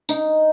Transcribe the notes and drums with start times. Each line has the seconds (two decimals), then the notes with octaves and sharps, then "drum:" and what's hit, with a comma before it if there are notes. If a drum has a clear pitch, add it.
0.09 D#4, drum: tambourine